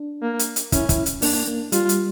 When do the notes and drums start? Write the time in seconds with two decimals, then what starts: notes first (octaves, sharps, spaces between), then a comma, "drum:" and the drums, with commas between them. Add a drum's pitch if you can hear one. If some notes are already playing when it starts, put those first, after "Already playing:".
Already playing: D4
0.22 A#3
0.39 drum: hi-hat
0.56 drum: hi-hat
0.72 C#4 E4, drum: kick, hi-hat
0.89 E4, drum: kick, hi-hat
1.06 drum: hi-hat
1.22 A#3 D4, drum: open hi-hat
1.47 A#3
1.72 G3 F4, drum: hi-hat
1.89 drum: hi-hat